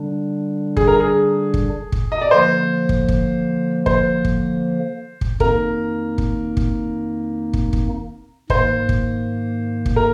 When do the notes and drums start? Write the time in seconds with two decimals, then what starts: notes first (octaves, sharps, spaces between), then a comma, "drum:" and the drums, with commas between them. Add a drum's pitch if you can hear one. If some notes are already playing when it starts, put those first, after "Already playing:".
Already playing: D3 G3 D4
0.77 G#4, drum: kick
0.88 A#4
1.00 G#4
1.54 drum: kick
1.92 drum: kick
2.12 D#5
2.21 D5
2.31 D3 F3 A#3 C5
2.89 drum: kick
3.08 drum: kick
3.86 C5, drum: kick
4.25 drum: kick
5.21 drum: kick
5.40 F2 D#3 A#3 D#4 A#4, drum: kick
6.18 drum: kick
6.57 drum: kick
7.53 drum: kick
7.73 drum: kick
8.50 G#2 D#3 A#3 C5, drum: kick
8.89 drum: kick
9.86 drum: kick
9.96 A#4